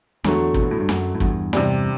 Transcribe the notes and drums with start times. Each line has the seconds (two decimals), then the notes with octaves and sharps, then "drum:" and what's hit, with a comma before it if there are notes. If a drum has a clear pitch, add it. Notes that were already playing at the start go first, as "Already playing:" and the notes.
0.24 E2 D3 F#3 A3, drum: snare
0.54 C3, drum: kick
0.63 B2
0.71 A2
0.80 G2
0.89 F#2, drum: snare
1.15 A2
1.20 E2 G2, drum: kick
1.53 C3 G3 D4, drum: snare